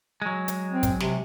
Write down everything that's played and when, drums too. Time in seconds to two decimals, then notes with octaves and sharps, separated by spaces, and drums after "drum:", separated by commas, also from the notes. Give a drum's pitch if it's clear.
0.22 F#3 G#3
0.48 drum: hi-hat
0.71 C4
0.83 drum: kick, hi-hat
1.00 C3, drum: snare